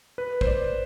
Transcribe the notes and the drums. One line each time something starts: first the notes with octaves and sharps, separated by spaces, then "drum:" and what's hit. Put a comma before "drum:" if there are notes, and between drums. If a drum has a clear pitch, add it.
B4
C5, drum: kick
D5